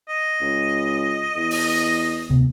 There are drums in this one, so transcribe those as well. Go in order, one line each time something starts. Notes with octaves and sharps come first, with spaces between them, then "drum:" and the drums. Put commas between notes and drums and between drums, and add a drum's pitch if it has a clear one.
D#5
C#2
E2
drum: open hi-hat
D2 C3 B3